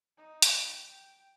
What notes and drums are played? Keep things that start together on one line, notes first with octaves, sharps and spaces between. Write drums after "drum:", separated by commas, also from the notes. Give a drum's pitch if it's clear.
D#4
drum: hi-hat
G5